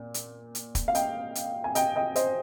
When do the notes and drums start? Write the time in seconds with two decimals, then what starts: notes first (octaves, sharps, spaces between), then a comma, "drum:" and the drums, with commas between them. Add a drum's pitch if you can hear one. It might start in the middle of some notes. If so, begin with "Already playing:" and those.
Already playing: A#2
0.14 drum: hi-hat
0.55 drum: hi-hat
0.75 drum: kick, hi-hat
0.88 F5
0.95 D#5 G5, drum: hi-hat
1.35 drum: hi-hat
1.64 G#5
1.75 D#5 G5, drum: hi-hat
1.96 D#5 G5
2.16 C5 D#5, drum: hi-hat